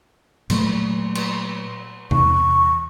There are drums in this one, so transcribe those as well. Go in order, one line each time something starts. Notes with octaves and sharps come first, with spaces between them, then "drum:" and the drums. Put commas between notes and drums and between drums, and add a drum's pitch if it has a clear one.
A#2 F#3 A3, drum: cymbal
drum: cymbal
E2 C#6, drum: tom C3